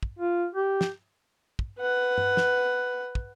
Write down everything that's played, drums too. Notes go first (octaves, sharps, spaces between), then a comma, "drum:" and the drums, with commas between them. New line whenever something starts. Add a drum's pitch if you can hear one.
drum: kick
F4
G4
drum: snare
drum: kick
B4 F#5
drum: tom G2
drum: snare
drum: kick